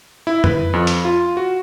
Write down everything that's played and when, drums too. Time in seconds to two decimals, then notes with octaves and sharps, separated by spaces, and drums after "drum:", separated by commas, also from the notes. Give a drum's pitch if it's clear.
0.27 E4
0.44 B4, drum: tom F2
0.73 F2
0.87 drum: hi-hat
1.05 F4
1.37 F#4